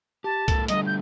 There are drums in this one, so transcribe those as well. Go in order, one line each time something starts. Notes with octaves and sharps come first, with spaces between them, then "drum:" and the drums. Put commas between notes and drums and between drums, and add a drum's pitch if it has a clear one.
G4 A5
A2 A4 A#4, drum: kick C2, hi-hat
D3 G3 A3 D#5, drum: hi-hat
G6